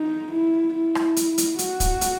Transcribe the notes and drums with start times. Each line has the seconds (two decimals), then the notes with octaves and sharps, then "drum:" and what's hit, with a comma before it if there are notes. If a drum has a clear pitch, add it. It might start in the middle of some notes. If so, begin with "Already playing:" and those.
Already playing: D#4
0.32 E4
0.74 E4
0.95 drum: rim click
1.16 drum: hi-hat
1.38 drum: hi-hat
1.59 F#4, drum: hi-hat
1.80 drum: kick, hi-hat
2.01 drum: hi-hat